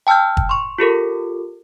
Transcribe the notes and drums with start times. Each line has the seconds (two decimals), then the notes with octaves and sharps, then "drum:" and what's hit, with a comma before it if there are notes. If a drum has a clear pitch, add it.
0.07 G5 A5 E6 F6 G6
0.37 drum: kick
0.49 C6 C#6
0.78 F4 G4 A4 A#4